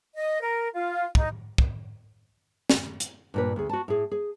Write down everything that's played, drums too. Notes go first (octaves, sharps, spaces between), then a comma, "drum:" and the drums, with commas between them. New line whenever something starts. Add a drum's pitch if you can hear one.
D#5
A#4
F4
D#4, drum: kick
drum: kick
drum: snare
drum: hi-hat
G2 A#2 B4
D2 G#4
F#4 A5
A2 G#4
G#4